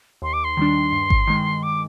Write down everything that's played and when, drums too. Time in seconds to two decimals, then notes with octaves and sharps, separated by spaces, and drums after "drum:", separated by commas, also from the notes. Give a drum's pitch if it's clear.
0.22 D#2 C6
0.33 D6
0.44 C6
0.57 D#3 G3 D4
0.92 G2
1.10 drum: kick G#1
1.28 D#3 G#3
1.63 D6